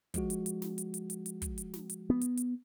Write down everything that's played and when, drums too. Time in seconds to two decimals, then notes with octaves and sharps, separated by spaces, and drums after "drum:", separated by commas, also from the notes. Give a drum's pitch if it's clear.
0.14 F3 G#3 F#4, drum: kick, hi-hat
0.30 drum: hi-hat
0.46 drum: hi-hat
0.62 drum: snare
0.78 drum: hi-hat
0.94 drum: hi-hat
1.10 drum: hi-hat
1.26 drum: hi-hat
1.42 drum: kick, hi-hat
1.58 drum: hi-hat
1.74 drum: snare
1.90 drum: hi-hat
2.10 B3
2.21 drum: hi-hat
2.37 drum: hi-hat